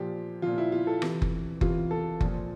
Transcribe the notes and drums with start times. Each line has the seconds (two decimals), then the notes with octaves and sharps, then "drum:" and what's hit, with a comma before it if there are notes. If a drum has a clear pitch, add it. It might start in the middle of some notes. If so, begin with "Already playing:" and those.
Already playing: A#2 F3 G4
0.42 A#2 F3 F4
0.58 E4
0.72 F4
0.87 A4
1.02 C3 E3, drum: rim click
1.22 drum: kick F#1
1.61 C3 E3 F4, drum: kick F#1
1.91 A4
2.21 A#2 F3, drum: kick F#1